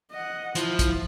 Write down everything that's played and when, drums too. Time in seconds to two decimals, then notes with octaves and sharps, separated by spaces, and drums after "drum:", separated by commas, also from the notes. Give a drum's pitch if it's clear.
0.12 D#5 F#5
0.55 F3 E4, drum: hi-hat
0.79 drum: kick, hi-hat